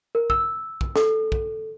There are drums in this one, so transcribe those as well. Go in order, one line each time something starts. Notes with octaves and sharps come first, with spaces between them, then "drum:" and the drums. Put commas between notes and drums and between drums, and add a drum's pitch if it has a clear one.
A#4
E6, drum: kick
drum: kick
A4, drum: snare
drum: kick